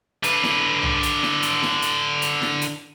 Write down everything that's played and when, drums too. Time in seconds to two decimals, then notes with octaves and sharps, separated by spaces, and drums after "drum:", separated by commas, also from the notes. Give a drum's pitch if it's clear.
0.24 D3 B4, drum: hi-hat
0.43 drum: snare E4
0.83 drum: tom
1.03 drum: hi-hat
1.23 drum: snare E4
1.43 drum: hi-hat
1.62 drum: snare E4
1.82 drum: hi-hat
2.22 drum: hi-hat
2.42 drum: snare E4
2.61 drum: hi-hat